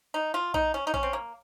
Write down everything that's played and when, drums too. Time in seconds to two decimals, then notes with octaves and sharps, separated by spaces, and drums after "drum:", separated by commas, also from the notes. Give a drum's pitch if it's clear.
0.14 D#4
0.34 F4
0.54 D#4, drum: kick A#1
0.74 C#4
0.87 D#4
0.94 C#4, drum: kick A#1
1.03 C4
1.13 A#3